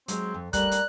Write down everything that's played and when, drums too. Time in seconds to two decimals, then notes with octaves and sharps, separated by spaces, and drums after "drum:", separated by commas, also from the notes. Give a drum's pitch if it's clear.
0.08 F#3 G#3 C4 G#4, drum: hi-hat
0.34 F2
0.53 G3 A3 A#4 D5 F#6, drum: kick, hi-hat
0.71 drum: hi-hat